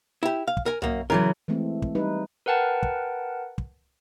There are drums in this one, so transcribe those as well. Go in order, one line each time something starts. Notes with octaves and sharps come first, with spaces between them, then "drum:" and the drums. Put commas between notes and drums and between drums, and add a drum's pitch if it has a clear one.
E4 G4
F5
drum: kick
A#4 G#5
F#2 A#3, drum: tom B1
C#3 E3 F#3 A#4
E3 G#3 A3 C4
drum: kick
G3 D#4 B4
A#4 B4 F#5 G5 A5
drum: kick
drum: kick